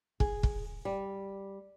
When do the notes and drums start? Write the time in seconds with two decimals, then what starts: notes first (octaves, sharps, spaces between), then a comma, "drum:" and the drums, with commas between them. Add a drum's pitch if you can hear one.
0.20 G#4, drum: kick
0.43 drum: kick
0.85 G3